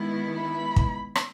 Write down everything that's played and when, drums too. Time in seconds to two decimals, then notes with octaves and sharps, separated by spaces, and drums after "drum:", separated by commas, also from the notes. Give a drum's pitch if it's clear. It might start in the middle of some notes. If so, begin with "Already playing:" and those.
Already playing: D#3 G#3 B3 E4
0.38 B5
0.76 drum: kick
1.15 drum: rim click